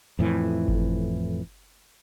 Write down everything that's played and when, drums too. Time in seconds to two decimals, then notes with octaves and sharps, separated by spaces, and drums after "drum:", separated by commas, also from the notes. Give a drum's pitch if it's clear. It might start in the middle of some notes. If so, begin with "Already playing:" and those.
0.19 F2 A2 E3
0.68 drum: kick G1